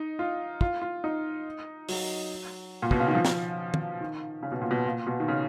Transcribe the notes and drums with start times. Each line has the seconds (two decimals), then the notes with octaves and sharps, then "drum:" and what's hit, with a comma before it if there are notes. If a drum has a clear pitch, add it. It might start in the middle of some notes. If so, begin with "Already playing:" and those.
Already playing: D#4
0.19 F4
0.61 F4, drum: kick
0.82 F4
1.04 D#4
1.89 F#3, drum: open hi-hat
2.82 A#2
2.91 B2, drum: kick
3.00 C#3
3.08 D#3
3.15 F3
3.25 drum: snare
3.74 drum: tom
4.01 D#3
4.43 C#3
4.52 B2
4.61 A#2
4.71 B2
4.85 A#2
5.07 B2
5.20 D#3
5.28 C#3